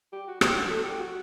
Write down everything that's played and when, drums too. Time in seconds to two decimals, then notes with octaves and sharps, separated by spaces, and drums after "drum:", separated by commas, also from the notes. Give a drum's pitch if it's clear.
0.13 G4
0.28 F#4
0.41 G4, drum: rim click
0.56 F#4
0.70 A4
0.84 G4
0.98 F#4